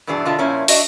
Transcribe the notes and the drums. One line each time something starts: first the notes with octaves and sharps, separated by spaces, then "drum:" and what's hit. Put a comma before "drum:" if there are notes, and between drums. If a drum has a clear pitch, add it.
G2 B2 E3 D4 G#4
B2 D3 D4 F4 A5
A#2 F3 C#4 E4
D4 F#4 D#5 E5, drum: open hi-hat